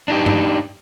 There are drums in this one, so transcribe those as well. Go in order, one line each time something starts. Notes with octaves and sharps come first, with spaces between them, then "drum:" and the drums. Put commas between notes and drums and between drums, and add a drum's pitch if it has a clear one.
D4 D#4 G4
drum: tom